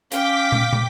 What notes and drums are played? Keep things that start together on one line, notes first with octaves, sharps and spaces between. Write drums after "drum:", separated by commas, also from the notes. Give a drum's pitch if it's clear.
C#4 F5 G5 D6 B6, drum: hi-hat
drum: tom
drum: tom